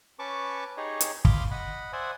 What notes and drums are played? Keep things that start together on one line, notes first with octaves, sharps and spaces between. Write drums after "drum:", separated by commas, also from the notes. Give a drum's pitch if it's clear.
C#4 B4 A5 C#6 D6
D#4 G4 G#4 C#5 D#5
drum: hi-hat
F5 B5 C6 D6 D#6, drum: kick
D#5 F#5 B5
C5 D5 E5 F#5 G#5 D#6